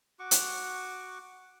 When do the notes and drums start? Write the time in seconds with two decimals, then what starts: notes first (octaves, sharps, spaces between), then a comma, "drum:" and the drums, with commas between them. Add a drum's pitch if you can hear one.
0.19 F#4 C#6 D6
0.31 drum: hi-hat